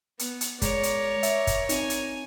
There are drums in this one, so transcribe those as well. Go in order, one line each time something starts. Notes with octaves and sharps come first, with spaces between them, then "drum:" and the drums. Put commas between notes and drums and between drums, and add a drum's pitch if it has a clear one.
B3, drum: hi-hat
drum: hi-hat
G#3 A#4 C#5 D5, drum: kick, hi-hat
drum: hi-hat
E5, drum: hi-hat
drum: kick, hi-hat
C4 D#4 G#5, drum: hi-hat
drum: hi-hat